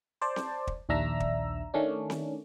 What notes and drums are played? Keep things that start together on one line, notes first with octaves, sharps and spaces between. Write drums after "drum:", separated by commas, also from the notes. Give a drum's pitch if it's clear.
C5 D5 A5
drum: snare C4
drum: kick
A#1 D#2 D4 E5 A#5 E6
drum: kick
D#3 A3 C#4 D4
drum: snare C4